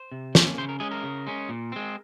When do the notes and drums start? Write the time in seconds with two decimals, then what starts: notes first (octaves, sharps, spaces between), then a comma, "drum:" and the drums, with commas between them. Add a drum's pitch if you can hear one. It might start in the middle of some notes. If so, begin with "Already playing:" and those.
Already playing: C5
0.12 C3
0.35 F3 A#3 C#4, drum: snare
0.58 C#3 C5
0.69 A#4
0.80 G#3 C#4 G#4
0.91 A#4
1.03 C#3
1.27 G#3 C#4
1.49 A#2
1.72 G#3 C4